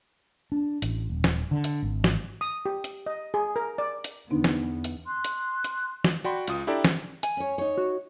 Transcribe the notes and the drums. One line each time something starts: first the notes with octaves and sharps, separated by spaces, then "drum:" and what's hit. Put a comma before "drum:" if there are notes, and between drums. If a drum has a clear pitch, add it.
D4
A1, drum: hi-hat
D#1
drum: snare
D3
drum: hi-hat
G#1
drum: snare
D#6
G4
drum: hi-hat
D#5
G#4
A#4
D5
drum: hi-hat
E2 D3 B3 D4 D#4
drum: snare
drum: hi-hat
C6 F#6
drum: hi-hat
drum: hi-hat
drum: snare
F#4 D5 G5 B5 C6
C#2 F4 D#6, drum: hi-hat
D4 E4 G4 A4 D5 A#5
drum: snare
G#5, drum: hi-hat
C#4 C#5
D#4 C#5
F#4